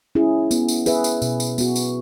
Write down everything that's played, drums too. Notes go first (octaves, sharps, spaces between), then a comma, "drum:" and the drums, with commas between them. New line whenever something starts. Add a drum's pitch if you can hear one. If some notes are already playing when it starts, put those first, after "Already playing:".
C#4 E4 G#4
B3, drum: tambourine
drum: tambourine
G#4 B4 E5, drum: tambourine
drum: tambourine
B2, drum: tambourine
drum: tambourine
B3 F#4, drum: tambourine
drum: tambourine